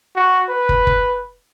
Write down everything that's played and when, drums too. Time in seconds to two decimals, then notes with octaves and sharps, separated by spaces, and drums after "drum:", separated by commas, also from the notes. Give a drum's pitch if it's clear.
0.15 F#4
0.48 B4
0.69 drum: kick
0.87 drum: kick